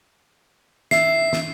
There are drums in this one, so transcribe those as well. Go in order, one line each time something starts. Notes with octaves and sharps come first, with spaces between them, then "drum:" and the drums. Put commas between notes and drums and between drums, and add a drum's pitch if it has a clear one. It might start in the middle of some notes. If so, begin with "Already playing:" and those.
E5 C7, drum: snare
drum: snare